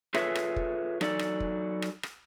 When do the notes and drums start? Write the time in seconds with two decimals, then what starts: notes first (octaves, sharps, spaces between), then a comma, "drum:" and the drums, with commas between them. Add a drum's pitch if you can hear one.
0.14 F4 G#4 A4 B4 C#5 E5, drum: rim click
0.35 drum: rim click
0.56 drum: kick
1.01 F#3 D#4 A4 D5, drum: rim click
1.19 drum: rim click
1.40 drum: kick
1.82 drum: rim click
2.03 drum: rim click